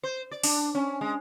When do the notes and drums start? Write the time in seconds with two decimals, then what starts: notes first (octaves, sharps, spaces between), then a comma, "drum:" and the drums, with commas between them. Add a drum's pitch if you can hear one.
0.03 C5
0.31 D5
0.43 D4, drum: open hi-hat
0.75 C#4
1.01 G#3